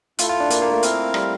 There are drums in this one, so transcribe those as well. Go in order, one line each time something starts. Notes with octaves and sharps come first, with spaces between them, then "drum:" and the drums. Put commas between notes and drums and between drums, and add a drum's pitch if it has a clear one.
A3 E4 F4 A4, drum: hi-hat
F4
D4
A#3, drum: hi-hat
A#3
A3
C4 E4 A#4 F5, drum: hi-hat
G3, drum: rim click